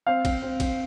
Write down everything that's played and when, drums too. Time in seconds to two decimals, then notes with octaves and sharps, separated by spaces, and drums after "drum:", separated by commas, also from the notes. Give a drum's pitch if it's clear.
0.07 C4 F5
0.25 C4, drum: kick A#1, cymbal
0.42 C4
0.60 C4, drum: kick A#1, cymbal